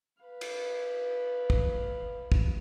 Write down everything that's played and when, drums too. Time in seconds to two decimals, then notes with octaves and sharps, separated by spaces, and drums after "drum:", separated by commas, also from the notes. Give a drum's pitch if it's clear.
0.22 B4 F5
0.41 drum: cymbal
1.50 drum: kick
2.32 drum: kick